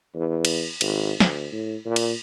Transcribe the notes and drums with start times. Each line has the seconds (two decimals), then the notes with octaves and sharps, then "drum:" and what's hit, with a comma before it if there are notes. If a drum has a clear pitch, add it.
0.15 E2
0.45 drum: cymbal
0.81 G#1, drum: cymbal
1.20 D2, drum: snare
1.52 A2
1.85 A#2
1.96 drum: cymbal